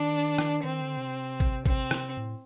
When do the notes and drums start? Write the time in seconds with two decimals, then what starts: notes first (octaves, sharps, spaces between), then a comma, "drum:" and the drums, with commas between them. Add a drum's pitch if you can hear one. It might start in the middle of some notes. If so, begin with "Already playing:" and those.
Already playing: D#3 D4
0.38 drum: rim click
0.64 D#3 C4
0.81 D3
0.97 C3
1.40 drum: kick
1.66 C4, drum: kick
1.91 drum: rim click
2.17 A2